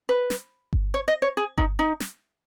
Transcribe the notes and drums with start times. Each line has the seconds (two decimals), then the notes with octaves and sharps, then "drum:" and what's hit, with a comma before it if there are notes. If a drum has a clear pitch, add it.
0.09 B4
0.30 drum: snare
0.73 drum: kick G1
0.94 C#5
1.08 D#5
1.22 C#5
1.37 G#4
1.58 D#4, drum: kick G1
1.79 D#4
2.00 drum: snare